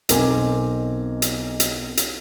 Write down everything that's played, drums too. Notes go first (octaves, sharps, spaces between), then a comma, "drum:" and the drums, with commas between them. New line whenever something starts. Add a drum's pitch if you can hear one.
B1 B2 C4 A#4 G#5 D6, drum: hi-hat
drum: hi-hat
drum: hi-hat
drum: hi-hat